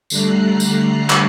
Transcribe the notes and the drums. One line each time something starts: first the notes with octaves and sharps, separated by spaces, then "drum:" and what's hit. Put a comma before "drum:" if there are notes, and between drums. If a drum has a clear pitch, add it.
D3 G3 A3 A#5 F#6 C7, drum: tambourine
drum: tambourine
drum: clap